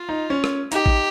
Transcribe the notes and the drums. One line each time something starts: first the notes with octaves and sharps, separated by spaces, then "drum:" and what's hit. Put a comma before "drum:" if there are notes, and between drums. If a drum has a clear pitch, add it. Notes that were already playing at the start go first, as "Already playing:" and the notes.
Already playing: F4
D#4
C#4
drum: rim click
D#4 G4, drum: hi-hat
drum: kick A1